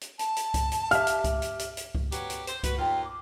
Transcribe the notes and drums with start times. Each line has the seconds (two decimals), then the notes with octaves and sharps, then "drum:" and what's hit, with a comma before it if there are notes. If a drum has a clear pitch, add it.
0.01 drum: hi-hat
0.19 A5, drum: hi-hat
0.37 drum: hi-hat
0.54 drum: kick C#2, hi-hat
0.72 drum: hi-hat
0.91 G4 E5 F5 F6, drum: hi-hat
1.07 drum: hi-hat
1.24 drum: kick C#2, hi-hat
1.42 drum: hi-hat
1.59 drum: hi-hat
1.77 drum: hi-hat
1.95 drum: kick C#2
2.12 F#3 B3 G4, drum: hi-hat
2.30 drum: hi-hat
2.47 C5, drum: hi-hat
2.63 B3 F#4 B4, drum: kick C#2, hi-hat
2.78 D#2 F4 G5
3.04 D6